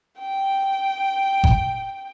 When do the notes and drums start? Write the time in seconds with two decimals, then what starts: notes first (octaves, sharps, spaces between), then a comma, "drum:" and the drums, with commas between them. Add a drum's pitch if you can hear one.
0.20 G5
1.44 drum: kick G1